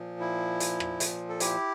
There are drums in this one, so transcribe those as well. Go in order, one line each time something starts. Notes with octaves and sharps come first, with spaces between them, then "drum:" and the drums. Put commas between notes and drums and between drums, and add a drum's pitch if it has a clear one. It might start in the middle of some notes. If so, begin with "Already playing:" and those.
Already playing: A#2 F3
E4
drum: hi-hat
drum: rim click
drum: hi-hat
A4
E4 G4, drum: hi-hat